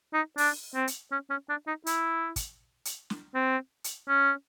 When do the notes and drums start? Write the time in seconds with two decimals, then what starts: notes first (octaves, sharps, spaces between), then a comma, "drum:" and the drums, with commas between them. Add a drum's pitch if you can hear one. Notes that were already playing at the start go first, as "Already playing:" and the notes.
0.14 D#4
0.38 D4, drum: open hi-hat
0.75 C4
0.88 drum: hi-hat
1.12 C#4
1.30 C#4
1.49 D4
1.67 D#4
1.86 E4, drum: hi-hat
2.36 drum: kick, hi-hat
2.85 drum: hi-hat
3.10 drum: snare
3.35 C4
3.84 drum: hi-hat
4.09 C#4